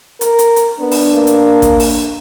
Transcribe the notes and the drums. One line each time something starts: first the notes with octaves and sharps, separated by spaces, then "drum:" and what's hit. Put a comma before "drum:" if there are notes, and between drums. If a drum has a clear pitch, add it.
A#4, drum: hi-hat
drum: hi-hat
drum: hi-hat
B3 D4
drum: open hi-hat
A#3
drum: hi-hat
drum: kick A1, hi-hat
drum: open hi-hat